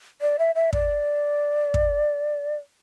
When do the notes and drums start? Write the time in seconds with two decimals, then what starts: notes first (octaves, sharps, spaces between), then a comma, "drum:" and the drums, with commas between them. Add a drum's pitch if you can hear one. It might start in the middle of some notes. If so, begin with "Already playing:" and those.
0.21 D5
0.39 E5
0.55 E5
0.73 D5, drum: kick
1.74 drum: kick